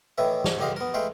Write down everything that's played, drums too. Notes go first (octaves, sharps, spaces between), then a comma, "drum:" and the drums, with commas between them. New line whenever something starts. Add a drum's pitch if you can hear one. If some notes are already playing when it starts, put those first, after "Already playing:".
A2 D#3 E3 B4 E5
G#2, drum: snare
C#2 D3 G4 D#5 F5
B3 A#4
G#3 A3 B4 F5 G5